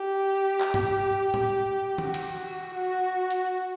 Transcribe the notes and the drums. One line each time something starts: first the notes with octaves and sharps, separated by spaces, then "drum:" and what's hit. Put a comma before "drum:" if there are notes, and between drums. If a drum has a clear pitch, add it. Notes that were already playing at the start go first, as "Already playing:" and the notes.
Already playing: G4
drum: clap
drum: tom
drum: tom
F#4, drum: tom
drum: cymbal
F#4
drum: hi-hat